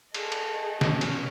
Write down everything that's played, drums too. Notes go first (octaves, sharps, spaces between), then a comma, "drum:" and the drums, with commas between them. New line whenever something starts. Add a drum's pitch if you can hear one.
G#4 A4 D#5, drum: cymbal
drum: cymbal
B2 C#4, drum: snare
drum: cymbal